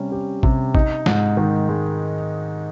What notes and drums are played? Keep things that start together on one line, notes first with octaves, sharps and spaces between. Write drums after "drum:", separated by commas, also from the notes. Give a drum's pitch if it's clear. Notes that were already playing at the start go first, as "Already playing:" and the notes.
Already playing: C3 G3 C#4
G4
C3, drum: kick A1
D#4, drum: kick A1
G#2, drum: snare
D#3
G#3